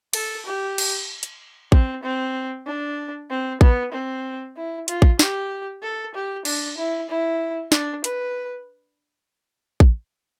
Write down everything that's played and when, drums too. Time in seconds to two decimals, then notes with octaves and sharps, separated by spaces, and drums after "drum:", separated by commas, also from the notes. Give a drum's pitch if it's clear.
0.13 A4, drum: cymbal
0.46 G4
0.78 drum: cymbal
1.23 drum: hi-hat
1.72 C4, drum: kick A1
2.03 C4
2.66 D4
3.30 C4
3.61 B3, drum: kick A1
3.92 C4
4.57 E4
4.88 F4, drum: hi-hat
5.02 drum: kick A1
5.19 G4, drum: snare
5.83 A4
6.14 G4
6.45 D4, drum: cymbal
6.78 E4
7.09 E4
7.72 D4, drum: snare
8.04 B4, drum: hi-hat
9.80 drum: kick A1